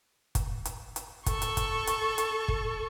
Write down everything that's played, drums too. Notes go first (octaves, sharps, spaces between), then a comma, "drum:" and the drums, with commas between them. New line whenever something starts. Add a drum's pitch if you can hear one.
drum: kick, hi-hat
drum: hi-hat
drum: hi-hat
A4 C#6, drum: kick, hi-hat
drum: hi-hat
drum: kick, hi-hat
drum: hi-hat
drum: hi-hat
drum: kick